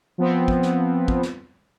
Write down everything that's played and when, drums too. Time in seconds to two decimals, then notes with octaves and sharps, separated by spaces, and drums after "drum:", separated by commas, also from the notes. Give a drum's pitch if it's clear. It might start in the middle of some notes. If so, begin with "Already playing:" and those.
0.18 F3 B3 C4
0.48 drum: kick
0.63 drum: snare
1.08 drum: kick
1.23 drum: snare